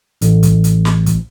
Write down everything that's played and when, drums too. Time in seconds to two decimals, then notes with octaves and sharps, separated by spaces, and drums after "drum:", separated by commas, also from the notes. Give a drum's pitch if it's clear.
0.21 A1, drum: hi-hat
0.43 drum: kick, hi-hat
0.64 drum: hi-hat
0.85 drum: snare
1.06 drum: kick, hi-hat